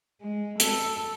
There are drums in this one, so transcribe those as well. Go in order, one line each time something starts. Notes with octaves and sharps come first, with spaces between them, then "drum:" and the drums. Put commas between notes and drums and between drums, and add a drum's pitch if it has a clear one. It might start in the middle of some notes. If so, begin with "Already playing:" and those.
G#3
A4, drum: hi-hat